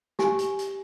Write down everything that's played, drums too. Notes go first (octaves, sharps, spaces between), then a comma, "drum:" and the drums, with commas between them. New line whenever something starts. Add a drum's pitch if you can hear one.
G4 G#5, drum: snare
drum: hi-hat
drum: hi-hat